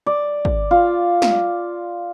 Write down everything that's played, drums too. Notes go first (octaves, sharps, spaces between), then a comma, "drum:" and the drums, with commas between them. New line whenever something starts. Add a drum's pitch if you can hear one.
D5
drum: kick
F4
drum: snare